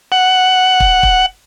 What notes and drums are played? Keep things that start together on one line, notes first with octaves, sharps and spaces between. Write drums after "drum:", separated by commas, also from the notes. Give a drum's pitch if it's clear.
F#5
drum: kick
drum: kick